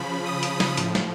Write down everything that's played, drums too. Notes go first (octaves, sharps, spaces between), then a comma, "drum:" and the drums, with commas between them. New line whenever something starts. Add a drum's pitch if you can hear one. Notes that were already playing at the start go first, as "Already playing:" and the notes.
Already playing: C#3 F3 B5
D#6
drum: hi-hat
drum: snare
A2 F3, drum: hi-hat
drum: snare